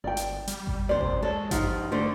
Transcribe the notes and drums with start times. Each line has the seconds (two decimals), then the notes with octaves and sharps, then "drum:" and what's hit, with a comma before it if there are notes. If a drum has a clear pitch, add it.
0.04 G1 D5 G5
0.17 drum: hi-hat
0.47 G3, drum: hi-hat
0.67 drum: kick G#1
0.89 D#2 C3 C5 D5
1.01 drum: kick G#1
1.22 G#3 A4 C#5
1.51 G2 F3 D#4 G4 F#5, drum: kick G#1, hi-hat
1.92 D3 A3 C5